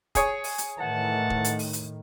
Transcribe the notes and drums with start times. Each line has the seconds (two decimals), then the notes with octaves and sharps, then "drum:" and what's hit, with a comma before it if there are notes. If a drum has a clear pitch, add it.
0.15 G#4 C#5 D#6, drum: kick E1, hi-hat
0.44 drum: open hi-hat
0.58 drum: hi-hat
0.78 A2 D#3 E3 F#5 A5
1.30 drum: kick E1
1.44 drum: hi-hat
1.59 drum: open hi-hat
1.73 drum: hi-hat